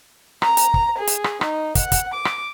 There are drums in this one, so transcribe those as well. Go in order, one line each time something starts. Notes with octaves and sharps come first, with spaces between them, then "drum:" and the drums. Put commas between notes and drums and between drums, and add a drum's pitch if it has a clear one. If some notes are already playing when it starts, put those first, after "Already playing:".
A#5, drum: rim click
drum: hi-hat
drum: kick
G#4
drum: hi-hat
drum: rim click
D#4, drum: rim click
F#5, drum: kick, hi-hat
drum: kick, hi-hat
D6
drum: rim click